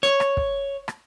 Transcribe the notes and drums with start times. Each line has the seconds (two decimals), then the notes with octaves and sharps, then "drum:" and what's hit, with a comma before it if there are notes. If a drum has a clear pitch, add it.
0.03 C#5
0.20 drum: rim click
0.37 drum: kick
0.88 drum: rim click